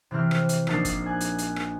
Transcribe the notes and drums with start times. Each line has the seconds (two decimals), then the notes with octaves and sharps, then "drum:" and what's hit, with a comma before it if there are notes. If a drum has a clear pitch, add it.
0.11 C3 E3 C4 F6
0.31 drum: rim click
0.49 drum: hi-hat
0.67 A#1 A#3 D4 D#4 A5 C7, drum: rim click
0.85 drum: kick G1, hi-hat
1.06 G#5 F#6
1.21 drum: hi-hat
1.38 drum: hi-hat
1.56 drum: rim click